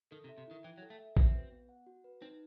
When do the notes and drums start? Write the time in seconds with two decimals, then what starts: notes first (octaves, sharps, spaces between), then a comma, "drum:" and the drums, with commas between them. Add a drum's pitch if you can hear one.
0.11 D#3 A4
0.24 C3
0.29 E5
0.38 C3
0.47 D#3 E4
0.64 E3 G5
0.78 F#3
0.82 A4
0.90 A3
0.99 E5
1.17 C4 F#4, drum: kick A#1
1.34 B4
1.52 B3
1.69 F#5
1.86 F#4
2.04 B4
2.21 C4 D#4